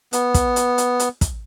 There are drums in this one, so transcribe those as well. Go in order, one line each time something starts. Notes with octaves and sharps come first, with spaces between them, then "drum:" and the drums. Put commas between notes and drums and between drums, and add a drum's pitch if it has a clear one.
B3, drum: hi-hat
drum: kick, hi-hat
drum: hi-hat
drum: hi-hat
drum: hi-hat
drum: kick, hi-hat